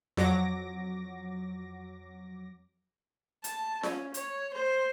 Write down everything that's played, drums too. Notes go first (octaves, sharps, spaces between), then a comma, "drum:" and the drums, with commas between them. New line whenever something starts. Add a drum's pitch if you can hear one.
F2 F#3 D6 A#6, drum: snare F4
A5, drum: hi-hat
C#4, drum: snare F4
C#5, drum: hi-hat
C5